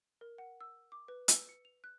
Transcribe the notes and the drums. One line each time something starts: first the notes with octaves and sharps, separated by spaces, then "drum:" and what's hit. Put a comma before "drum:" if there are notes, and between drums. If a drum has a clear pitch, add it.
A#4
F#5
E6
D6
B4
E6, drum: hi-hat
C#7
F7
F#6